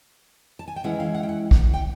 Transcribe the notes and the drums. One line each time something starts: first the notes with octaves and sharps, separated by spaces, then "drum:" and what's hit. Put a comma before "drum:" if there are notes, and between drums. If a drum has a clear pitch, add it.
A5
G#5
G5
E3 G#3 C#4 E4 F#5
F5
F#5
G5
F#5
F#5, drum: kick A#1
G5